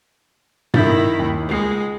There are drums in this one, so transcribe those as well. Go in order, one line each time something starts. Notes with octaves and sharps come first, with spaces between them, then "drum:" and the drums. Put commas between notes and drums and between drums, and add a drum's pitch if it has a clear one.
D#3 E4 E5 G6 A6, drum: tom G2
D#2
C#2 G#3 C7